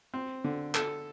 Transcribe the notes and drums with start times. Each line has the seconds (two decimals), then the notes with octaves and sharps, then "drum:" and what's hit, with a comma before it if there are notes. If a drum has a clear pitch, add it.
0.14 C4
0.44 D3
0.75 A4, drum: clap